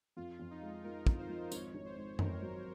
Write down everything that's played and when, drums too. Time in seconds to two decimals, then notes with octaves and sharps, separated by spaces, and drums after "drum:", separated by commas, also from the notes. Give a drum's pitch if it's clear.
0.17 F2 F4
0.40 F2
0.51 D#4
0.62 G#3
0.84 F3 A#4
1.07 F2, drum: kick
1.18 C5
1.29 F3
1.52 G#1 C#5, drum: tambourine
1.75 G#1
1.86 C5
1.97 G#2
2.19 G#1 A#4, drum: tom F#2
2.42 F#3